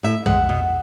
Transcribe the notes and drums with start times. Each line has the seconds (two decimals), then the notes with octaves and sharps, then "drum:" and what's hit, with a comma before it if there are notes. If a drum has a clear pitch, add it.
0.03 A2 E5
0.26 G#3 F#5, drum: tom
0.49 B2